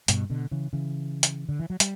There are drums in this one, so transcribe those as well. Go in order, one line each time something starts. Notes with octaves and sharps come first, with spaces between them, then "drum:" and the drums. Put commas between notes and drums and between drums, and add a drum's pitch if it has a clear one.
G2 B2, drum: hi-hat
B2 D3
C#3 E3
C#3 E3
drum: hi-hat
D3
E3
F#3
G3, drum: hi-hat